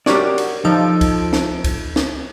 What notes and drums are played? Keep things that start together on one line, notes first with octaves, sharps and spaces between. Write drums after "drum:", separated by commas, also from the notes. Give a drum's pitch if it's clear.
D4 F#4 G4 A#4 C#5 D5, drum: snare
drum: cymbal
F3 D#4 A4 D7
drum: kick C2, cymbal
drum: snare
drum: kick C2, cymbal
drum: snare